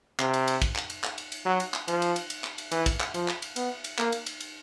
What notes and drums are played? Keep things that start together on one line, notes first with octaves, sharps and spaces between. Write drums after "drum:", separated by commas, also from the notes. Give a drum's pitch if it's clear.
C3, drum: clap
drum: cymbal
drum: cymbal
drum: kick, cymbal
drum: clap
drum: cymbal
drum: clap
drum: cymbal
drum: cymbal
F#3
drum: cymbal
drum: clap
F3, drum: cymbal
drum: cymbal
drum: cymbal
drum: cymbal
drum: clap
drum: cymbal
E3, drum: cymbal
drum: kick, cymbal
drum: clap
F3, drum: cymbal
drum: clap
drum: cymbal
B3, drum: cymbal
drum: cymbal
A#3, drum: clap
drum: cymbal
drum: cymbal
drum: cymbal